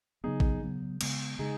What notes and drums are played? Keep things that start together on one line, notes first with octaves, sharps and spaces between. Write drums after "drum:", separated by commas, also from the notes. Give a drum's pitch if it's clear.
C#3 F#3 B3 D#4 G#4
drum: kick G#1
C#3 F#3 B3
C#3 G#3 B3, drum: cymbal
C#3 G#3 D#4 G#4